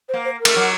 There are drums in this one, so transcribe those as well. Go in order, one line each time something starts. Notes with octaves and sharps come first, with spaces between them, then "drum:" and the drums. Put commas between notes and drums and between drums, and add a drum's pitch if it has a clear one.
C5
A#3
C5
A#4
A3, drum: cymbal
F#3